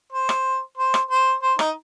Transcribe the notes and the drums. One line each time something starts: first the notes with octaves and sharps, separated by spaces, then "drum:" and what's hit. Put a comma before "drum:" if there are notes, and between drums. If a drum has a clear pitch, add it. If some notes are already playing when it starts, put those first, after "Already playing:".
C5
drum: rim click
C5
drum: rim click
C5
C5
D#4, drum: rim click